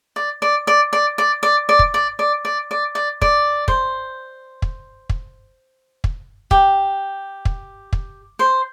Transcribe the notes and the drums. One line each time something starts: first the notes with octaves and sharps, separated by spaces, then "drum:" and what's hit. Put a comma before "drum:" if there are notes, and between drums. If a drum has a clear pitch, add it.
D5
D5
D5
D5
D5
D5
D5
drum: kick
D5
D5
D5
D5
D5
D5, drum: kick
C5, drum: kick
drum: kick
drum: kick
drum: kick
G4, drum: kick
drum: kick
drum: kick
C5